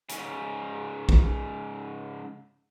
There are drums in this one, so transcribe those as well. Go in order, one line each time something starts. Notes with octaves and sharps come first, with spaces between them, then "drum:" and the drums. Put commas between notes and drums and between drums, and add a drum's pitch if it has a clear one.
G#2 C#3, drum: hi-hat
drum: kick